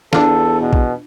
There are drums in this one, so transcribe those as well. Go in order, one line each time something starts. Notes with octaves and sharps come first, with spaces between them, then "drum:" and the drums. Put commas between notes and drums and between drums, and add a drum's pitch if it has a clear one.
E2 D4 F4 A4, drum: snare
B2
drum: kick A#1